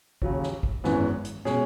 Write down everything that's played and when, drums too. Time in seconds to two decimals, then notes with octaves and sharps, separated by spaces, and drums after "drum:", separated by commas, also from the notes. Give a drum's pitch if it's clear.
0.22 D#2 C#3 F#3 C#4, drum: kick
0.43 drum: snare
0.63 drum: kick
0.84 G#1 F#2 E3 G#3 B3, drum: snare
1.25 drum: hi-hat
1.45 B2 G#3 C#4 G#4, drum: snare